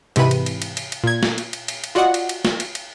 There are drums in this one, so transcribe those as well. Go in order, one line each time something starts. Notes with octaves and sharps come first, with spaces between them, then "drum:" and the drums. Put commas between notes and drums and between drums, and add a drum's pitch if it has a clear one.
G#2 C3 E3 B4 D#7, drum: cymbal
drum: cymbal
drum: cymbal
drum: cymbal
drum: cymbal
drum: cymbal
A#2 G#6
drum: snare
drum: cymbal
drum: cymbal
drum: cymbal
drum: cymbal
F4 F#4 D5 D#5 F#5
drum: cymbal
drum: cymbal
drum: snare
drum: cymbal
drum: cymbal